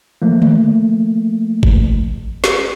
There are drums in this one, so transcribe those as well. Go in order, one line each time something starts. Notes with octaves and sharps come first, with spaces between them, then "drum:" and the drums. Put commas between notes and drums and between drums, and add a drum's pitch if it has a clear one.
F3 A3 A#3
drum: tom D3
drum: kick G1
drum: snare